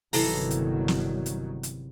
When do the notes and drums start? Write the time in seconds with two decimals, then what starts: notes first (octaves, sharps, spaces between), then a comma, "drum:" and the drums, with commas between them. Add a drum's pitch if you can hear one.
0.13 G1 C3 D#3 E3 F#3 A4 A#5, drum: open hi-hat
0.51 drum: hi-hat
0.88 drum: snare
1.26 drum: hi-hat
1.63 drum: hi-hat